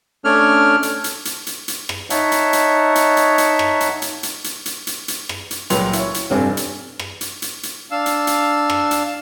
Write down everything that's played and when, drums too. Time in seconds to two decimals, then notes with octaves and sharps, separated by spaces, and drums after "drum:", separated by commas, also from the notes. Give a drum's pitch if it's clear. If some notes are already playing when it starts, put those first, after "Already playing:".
0.25 A3 C#4 D4 F6
0.83 drum: hi-hat
1.04 drum: hi-hat
1.25 drum: hi-hat
1.47 drum: hi-hat
1.68 drum: hi-hat
1.89 drum: rim click
2.10 D#4 C#5 E5 F#5 A5, drum: hi-hat
2.32 drum: hi-hat
2.53 drum: hi-hat
2.95 drum: hi-hat
3.17 drum: hi-hat
3.38 drum: hi-hat
3.59 drum: rim click
3.80 drum: hi-hat
4.02 drum: hi-hat
4.23 drum: hi-hat
4.44 drum: hi-hat
4.66 drum: hi-hat
4.87 drum: hi-hat
5.08 drum: hi-hat
5.29 drum: rim click
5.51 drum: hi-hat
5.70 C#2 A#2 F#3 B4 C6 F7, drum: hi-hat
5.93 E4 C#5, drum: hi-hat
6.14 drum: hi-hat
6.30 F1 G2 C4 D4 B4 G#5
6.57 drum: hi-hat
6.99 drum: rim click
7.21 drum: hi-hat
7.42 drum: hi-hat
7.63 drum: hi-hat
7.91 D4 F5 E6
8.06 drum: hi-hat
8.27 drum: hi-hat
8.70 drum: rim click
8.91 drum: hi-hat